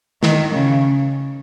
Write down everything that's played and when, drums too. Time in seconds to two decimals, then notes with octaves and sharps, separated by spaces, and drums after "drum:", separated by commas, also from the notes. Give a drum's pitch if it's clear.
0.23 D#3, drum: snare
0.54 C#3